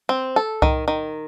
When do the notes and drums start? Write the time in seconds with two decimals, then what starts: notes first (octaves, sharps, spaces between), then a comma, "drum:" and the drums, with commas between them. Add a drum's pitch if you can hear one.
0.09 C4
0.36 A4
0.62 D#3, drum: kick C2
0.88 D#3